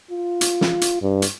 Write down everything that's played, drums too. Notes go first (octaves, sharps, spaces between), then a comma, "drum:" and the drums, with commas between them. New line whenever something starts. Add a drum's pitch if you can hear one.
F4
drum: hi-hat
drum: snare
drum: hi-hat
G2
drum: hi-hat